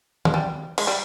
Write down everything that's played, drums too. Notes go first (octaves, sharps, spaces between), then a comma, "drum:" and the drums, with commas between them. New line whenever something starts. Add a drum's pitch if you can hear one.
G#3, drum: tom
G3
G#3, drum: cymbal
G3